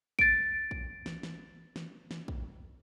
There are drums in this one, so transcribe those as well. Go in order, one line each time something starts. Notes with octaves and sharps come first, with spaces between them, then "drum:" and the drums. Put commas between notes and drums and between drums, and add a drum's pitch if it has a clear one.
A6 D7, drum: kick
drum: kick
drum: snare
drum: snare
drum: snare
drum: snare
drum: kick